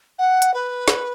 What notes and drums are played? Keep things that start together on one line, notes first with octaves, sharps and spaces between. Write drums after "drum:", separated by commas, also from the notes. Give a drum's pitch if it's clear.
F#5
drum: hi-hat
B4
drum: snare